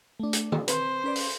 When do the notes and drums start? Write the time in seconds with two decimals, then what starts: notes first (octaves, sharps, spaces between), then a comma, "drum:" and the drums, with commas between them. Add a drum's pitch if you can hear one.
0.20 A3 D4
0.33 drum: hi-hat
0.52 drum: tom D#3
0.68 C4 B4 C5, drum: hi-hat
1.04 C#4 B4 D5
1.15 drum: open hi-hat